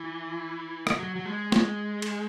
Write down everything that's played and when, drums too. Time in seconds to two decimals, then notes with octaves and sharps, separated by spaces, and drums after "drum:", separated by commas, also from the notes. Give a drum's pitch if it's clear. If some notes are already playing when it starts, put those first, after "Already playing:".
Already playing: E3
0.87 drum: rim click
0.99 F#3
1.16 F#3
1.25 G#3
1.52 G#3, drum: snare
2.02 drum: cymbal